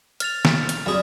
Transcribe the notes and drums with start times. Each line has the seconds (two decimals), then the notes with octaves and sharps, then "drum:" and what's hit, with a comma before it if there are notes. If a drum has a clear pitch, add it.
0.20 F6 A6 F7, drum: hi-hat
0.45 drum: snare
0.69 drum: hi-hat
0.86 F#2 G3 G#4